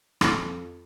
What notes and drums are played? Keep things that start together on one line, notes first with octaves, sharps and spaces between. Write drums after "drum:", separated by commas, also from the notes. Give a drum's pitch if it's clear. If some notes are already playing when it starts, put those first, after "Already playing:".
F2, drum: rim click